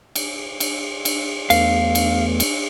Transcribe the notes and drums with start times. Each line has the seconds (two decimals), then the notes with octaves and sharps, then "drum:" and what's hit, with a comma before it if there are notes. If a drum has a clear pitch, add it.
0.16 drum: cymbal
0.60 drum: cymbal
1.05 drum: cymbal
1.50 E2 A3 B3 F5, drum: cymbal
1.95 drum: cymbal
2.40 drum: cymbal